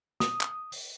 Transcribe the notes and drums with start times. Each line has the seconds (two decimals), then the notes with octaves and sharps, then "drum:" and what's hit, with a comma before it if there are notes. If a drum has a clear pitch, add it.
0.20 D#6, drum: snare
0.41 drum: clap
0.72 drum: open hi-hat